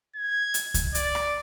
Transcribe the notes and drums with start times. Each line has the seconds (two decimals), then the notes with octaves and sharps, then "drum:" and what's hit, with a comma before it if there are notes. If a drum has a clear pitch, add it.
0.16 G#6
0.54 drum: hi-hat
0.74 drum: kick C#2, hi-hat
0.95 D5, drum: hi-hat
1.15 drum: rim click